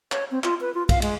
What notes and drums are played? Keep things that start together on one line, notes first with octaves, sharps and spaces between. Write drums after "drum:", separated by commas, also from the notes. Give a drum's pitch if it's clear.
C#5, drum: clap
C4
F4, drum: clap
B4
F4
F5, drum: kick, cymbal
G#3, drum: cymbal